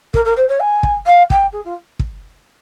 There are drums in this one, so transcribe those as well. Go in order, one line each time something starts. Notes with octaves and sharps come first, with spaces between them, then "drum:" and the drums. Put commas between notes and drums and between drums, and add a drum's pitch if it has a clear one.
A#4, drum: kick
A#4
C5
C#5
G#5
drum: kick
F5
G5, drum: kick
G#4
F4
drum: kick